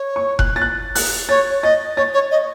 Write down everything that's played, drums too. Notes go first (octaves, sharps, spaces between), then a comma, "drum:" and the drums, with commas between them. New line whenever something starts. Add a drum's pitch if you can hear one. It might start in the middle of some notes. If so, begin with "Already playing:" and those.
Already playing: C#5
C#6
F#6, drum: kick F1
A6
F#6
F#6, drum: open hi-hat
C#5 A6
D#5 A6
C#5 A6
C#5
D#5